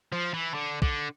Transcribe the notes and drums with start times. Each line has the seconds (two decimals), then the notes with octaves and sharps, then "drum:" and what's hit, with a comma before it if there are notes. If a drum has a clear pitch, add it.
0.12 F3
0.34 E3
0.54 D3
0.82 D3, drum: kick